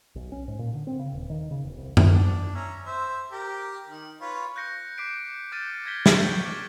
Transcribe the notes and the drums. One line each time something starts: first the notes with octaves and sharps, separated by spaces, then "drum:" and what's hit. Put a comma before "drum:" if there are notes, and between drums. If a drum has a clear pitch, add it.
B1
C#4
G#2
A#2
D3
C4
C#3
D#1
D#3
C#3
E1
C2
drum: tom F#2
D4
C#4 E5 A#5
C5 E5
G4 A#4
D#3
F4 B4 C#5
F#6 G6 A#6 C#7
D6 G6 B6 C7 D7
D6 F6 G6 A6 C#7 D#7
G6 G#6 A#6 B6 G7
C#6, drum: snare
D6